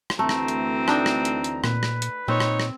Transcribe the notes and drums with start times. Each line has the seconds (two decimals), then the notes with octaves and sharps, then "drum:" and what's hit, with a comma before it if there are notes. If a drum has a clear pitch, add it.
0.10 drum: rim click
0.19 D2 E3 A3 C4 A#5
0.29 drum: rim click
0.48 drum: hi-hat
0.88 D4 D#4 G5, drum: rim click
1.06 drum: rim click
1.25 drum: hi-hat
1.44 drum: hi-hat
1.64 A#2 B4, drum: rim click
1.83 drum: rim click
2.02 drum: hi-hat
2.28 A#2 C4 D#4 C#5
2.40 drum: rim click
2.60 drum: rim click